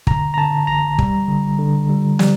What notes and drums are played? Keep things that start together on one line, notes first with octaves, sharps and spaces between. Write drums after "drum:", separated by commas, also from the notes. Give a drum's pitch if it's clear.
D3 A#5, drum: kick
A#5
D3 A5
A1 A#5
G3, drum: kick
D3
D3
G3
G3, drum: snare